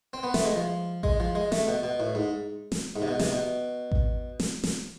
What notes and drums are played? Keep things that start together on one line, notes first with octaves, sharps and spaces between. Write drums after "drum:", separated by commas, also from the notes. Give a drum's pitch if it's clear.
C4
B3
A3, drum: snare
G#3
F3
G#3, drum: kick A1
F3
G#3
A3, drum: snare
B2
B2
A2
G#2
drum: snare
G#2
C3
B2
C3, drum: snare
B2
drum: kick A1
drum: snare
drum: snare